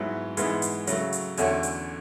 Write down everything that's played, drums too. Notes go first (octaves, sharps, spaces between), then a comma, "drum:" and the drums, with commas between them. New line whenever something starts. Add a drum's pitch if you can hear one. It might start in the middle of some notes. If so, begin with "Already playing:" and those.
Already playing: G#2 F#3 B3 E4
G#2 E3 G#3 B3, drum: hi-hat
drum: hi-hat
C#3 F#3 A3, drum: hi-hat
drum: hi-hat
E2 D3 A3 C#4 F#4, drum: hi-hat
drum: hi-hat